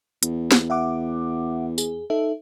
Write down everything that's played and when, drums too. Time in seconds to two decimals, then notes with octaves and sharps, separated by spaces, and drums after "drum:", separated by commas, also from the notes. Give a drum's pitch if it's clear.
0.23 E2, drum: hi-hat
0.52 drum: snare
0.70 E5 F#5 D6
1.78 G#4, drum: tambourine
2.10 D#4 A4 E5